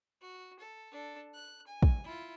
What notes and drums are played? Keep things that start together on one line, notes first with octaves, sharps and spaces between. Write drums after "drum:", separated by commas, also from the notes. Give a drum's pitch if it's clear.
F#4
A4
D4 A4
F#6
G#5
drum: kick
E4 F4